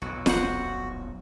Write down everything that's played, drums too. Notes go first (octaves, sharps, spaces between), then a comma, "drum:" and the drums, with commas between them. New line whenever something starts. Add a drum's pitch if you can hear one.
B1 F2 F#4
D#1 F#4 C5 F#5, drum: snare